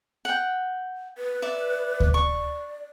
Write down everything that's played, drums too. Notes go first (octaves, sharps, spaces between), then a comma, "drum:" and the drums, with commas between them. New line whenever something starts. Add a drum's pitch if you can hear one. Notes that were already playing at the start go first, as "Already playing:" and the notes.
F#5 G5
B4
D5 E5
drum: kick D2
D5 C#6